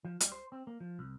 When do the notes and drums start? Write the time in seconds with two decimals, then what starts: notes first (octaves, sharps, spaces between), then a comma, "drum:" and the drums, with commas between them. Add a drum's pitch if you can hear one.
0.05 F3
0.20 G3, drum: hi-hat
0.32 C5
0.52 C4
0.67 A#3
0.80 F3
0.99 C2